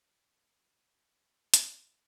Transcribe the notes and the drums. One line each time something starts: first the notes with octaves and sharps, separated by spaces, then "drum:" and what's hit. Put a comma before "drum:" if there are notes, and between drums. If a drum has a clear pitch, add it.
G#5
A5
B5
B5, drum: hi-hat